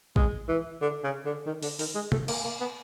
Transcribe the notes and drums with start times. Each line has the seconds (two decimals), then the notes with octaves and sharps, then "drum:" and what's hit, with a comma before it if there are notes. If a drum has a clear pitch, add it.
0.16 G#3, drum: kick A1
0.49 E3
0.82 D3
1.03 C#3
1.25 D3
1.47 D#3
1.63 D3, drum: open hi-hat
1.79 D#3, drum: open hi-hat
1.95 G#3
2.12 A3, drum: tom C3
2.28 A#3, drum: cymbal
2.44 A#3
2.60 B3